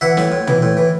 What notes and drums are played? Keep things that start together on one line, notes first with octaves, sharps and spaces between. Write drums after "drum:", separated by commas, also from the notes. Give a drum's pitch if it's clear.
E3 E5 F#5
A2, drum: snare
A2
E3, drum: tom
A2
E3